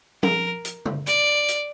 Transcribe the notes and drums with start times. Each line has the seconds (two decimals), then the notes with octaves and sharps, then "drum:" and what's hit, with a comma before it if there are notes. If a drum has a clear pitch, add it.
0.23 A#4, drum: tom F3
0.65 drum: hi-hat
0.86 drum: tom
1.07 D5, drum: hi-hat
1.48 drum: hi-hat